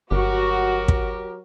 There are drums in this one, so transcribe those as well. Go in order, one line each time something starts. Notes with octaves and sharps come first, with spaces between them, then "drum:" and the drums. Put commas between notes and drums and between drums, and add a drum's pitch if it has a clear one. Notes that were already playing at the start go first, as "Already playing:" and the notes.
G1 F#3 F#4 G4 A#4
drum: kick